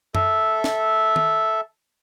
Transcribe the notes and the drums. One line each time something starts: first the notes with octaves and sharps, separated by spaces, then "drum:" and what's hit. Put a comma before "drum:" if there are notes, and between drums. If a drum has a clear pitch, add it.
A4 E5, drum: tom F#2
drum: snare
drum: tom